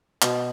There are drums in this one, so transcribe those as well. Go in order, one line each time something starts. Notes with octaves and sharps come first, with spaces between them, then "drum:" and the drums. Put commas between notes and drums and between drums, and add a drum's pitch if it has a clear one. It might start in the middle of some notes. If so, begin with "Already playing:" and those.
B2, drum: clap